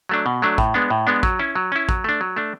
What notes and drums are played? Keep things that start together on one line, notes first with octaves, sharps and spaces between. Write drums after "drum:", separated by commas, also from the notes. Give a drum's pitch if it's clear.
F#3 A3 D4
B2
F#3 A3 D4
A2, drum: kick A1
G#3 B3 D4
A2
G#3 B3 D4
F#3, drum: kick A1
C#4 E4
F#3
C#4 E4
F#3, drum: kick A1
A3 D4
F#3
A3 D4